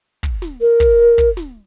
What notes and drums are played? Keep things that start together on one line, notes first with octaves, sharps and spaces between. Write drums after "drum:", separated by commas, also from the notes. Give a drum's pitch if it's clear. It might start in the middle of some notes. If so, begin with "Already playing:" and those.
drum: kick
drum: snare
A#4
drum: kick
drum: kick
drum: snare